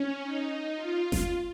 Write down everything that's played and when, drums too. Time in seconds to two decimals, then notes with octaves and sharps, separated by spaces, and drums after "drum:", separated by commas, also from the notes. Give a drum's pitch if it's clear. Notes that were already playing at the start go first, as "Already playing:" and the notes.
Already playing: C#4
0.23 D#4
0.75 F4
1.12 drum: snare F#1